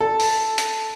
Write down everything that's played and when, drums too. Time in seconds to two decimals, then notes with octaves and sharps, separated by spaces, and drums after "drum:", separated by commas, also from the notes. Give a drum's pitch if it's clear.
0.01 A4
0.20 drum: open hi-hat
0.58 drum: hi-hat